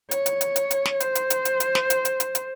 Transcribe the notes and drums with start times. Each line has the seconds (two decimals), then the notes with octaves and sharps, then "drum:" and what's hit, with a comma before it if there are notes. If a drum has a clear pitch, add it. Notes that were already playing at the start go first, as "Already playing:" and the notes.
0.11 C#5, drum: hi-hat
0.26 drum: hi-hat
0.41 drum: hi-hat
0.56 drum: hi-hat
0.71 drum: hi-hat
0.85 drum: snare
1.00 C5, drum: hi-hat
1.15 drum: hi-hat
1.30 drum: hi-hat
1.45 drum: hi-hat
1.60 drum: hi-hat
1.75 drum: snare
1.90 drum: hi-hat
2.05 drum: hi-hat
2.20 drum: hi-hat
2.35 drum: hi-hat